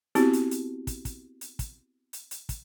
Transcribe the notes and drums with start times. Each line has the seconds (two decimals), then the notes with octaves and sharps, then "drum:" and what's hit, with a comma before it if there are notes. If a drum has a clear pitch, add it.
0.15 B3 C4 E4 F#4 G4, drum: hi-hat
0.33 drum: hi-hat
0.51 drum: hi-hat
0.87 drum: kick, hi-hat
1.05 drum: kick, hi-hat
1.41 drum: hi-hat
1.59 drum: kick, hi-hat
2.13 drum: hi-hat
2.31 drum: hi-hat
2.49 drum: kick, hi-hat